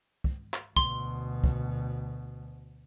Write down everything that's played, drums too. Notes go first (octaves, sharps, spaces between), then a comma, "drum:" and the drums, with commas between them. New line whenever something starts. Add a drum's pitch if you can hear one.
drum: kick
drum: clap
D2 B2 C6, drum: kick
drum: kick